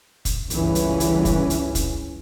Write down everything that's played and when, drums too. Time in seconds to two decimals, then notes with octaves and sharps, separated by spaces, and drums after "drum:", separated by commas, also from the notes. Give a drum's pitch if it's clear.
0.25 drum: kick, hi-hat
0.50 G1 C#2 G2 C#3 E3 C#4, drum: hi-hat
0.75 drum: hi-hat
1.00 drum: hi-hat
1.25 drum: kick, hi-hat
1.50 drum: hi-hat
1.75 drum: kick, hi-hat